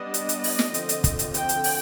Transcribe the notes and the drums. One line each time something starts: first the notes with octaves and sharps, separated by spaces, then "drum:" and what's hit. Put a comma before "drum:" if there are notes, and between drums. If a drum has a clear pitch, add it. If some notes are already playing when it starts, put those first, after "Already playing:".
Already playing: G3 B3 D4 D#5
drum: hi-hat
drum: hi-hat
drum: open hi-hat
drum: snare
D3 F3 C4, drum: hi-hat
drum: hi-hat
drum: kick, hi-hat
drum: hi-hat
G5, drum: hi-hat
drum: hi-hat
drum: open hi-hat